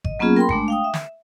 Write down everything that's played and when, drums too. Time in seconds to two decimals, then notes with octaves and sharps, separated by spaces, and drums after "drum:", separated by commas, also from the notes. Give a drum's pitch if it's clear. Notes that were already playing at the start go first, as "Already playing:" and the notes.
0.05 D#5, drum: kick G#1
0.19 F#3 A#3 B3 C#4 F4 G#4
0.36 A#4 G5 B5 C6
0.49 G#3 A3 D4, drum: kick G#1
0.68 F5 G5 D#6
0.84 E5
0.94 drum: snare